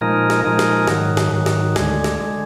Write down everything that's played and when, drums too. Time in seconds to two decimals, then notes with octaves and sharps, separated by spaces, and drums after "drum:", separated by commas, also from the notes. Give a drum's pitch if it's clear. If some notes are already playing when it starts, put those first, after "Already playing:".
0.01 A#2 F3 G#3 D#4 A#4
0.30 drum: snare
0.44 A#2 F3 G#3 D#4 A#4
0.59 drum: snare
0.88 G#2 D#3 F#3, drum: snare
1.17 drum: snare
1.32 G#2 D#3 F#3
1.46 drum: snare
1.76 D2 D3 G#3, drum: snare
2.04 drum: snare
2.19 D3 G#3